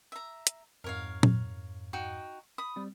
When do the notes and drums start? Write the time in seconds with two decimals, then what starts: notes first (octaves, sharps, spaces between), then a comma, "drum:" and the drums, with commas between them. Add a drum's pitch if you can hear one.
0.12 E5 A#5
0.47 drum: hi-hat
0.84 F2 G#2 A#4 C#5 F5
1.23 drum: tom A#2
1.93 D#4 F#4 G5
2.58 B5 D#6
2.76 G3 C4